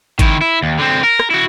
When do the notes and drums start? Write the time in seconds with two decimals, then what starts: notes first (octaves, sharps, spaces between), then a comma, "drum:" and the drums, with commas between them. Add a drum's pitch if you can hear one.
0.19 D#3 E4, drum: kick G#1, hi-hat
0.41 E4
0.62 D#2
0.79 D3 C4
1.04 A#4
1.20 drum: rim click
1.31 E4 F#4